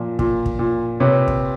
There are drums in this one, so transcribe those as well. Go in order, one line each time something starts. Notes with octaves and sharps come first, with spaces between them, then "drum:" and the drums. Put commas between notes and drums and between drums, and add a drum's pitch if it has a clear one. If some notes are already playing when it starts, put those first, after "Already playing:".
Already playing: A#2 F3
A#2, drum: kick
drum: kick
A#2
C3 B4 C#5
drum: kick